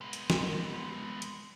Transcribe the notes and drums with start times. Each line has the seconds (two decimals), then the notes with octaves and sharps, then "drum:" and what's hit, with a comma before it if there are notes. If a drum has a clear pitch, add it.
0.01 G#3 B3
0.13 drum: hi-hat
0.30 drum: snare
1.22 drum: hi-hat